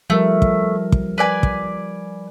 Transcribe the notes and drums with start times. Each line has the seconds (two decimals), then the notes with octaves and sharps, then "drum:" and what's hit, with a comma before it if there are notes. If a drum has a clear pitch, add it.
0.10 F3 G3 A3 A#4
0.42 drum: kick
0.92 drum: kick
1.18 B4 D5 G#5
1.43 drum: kick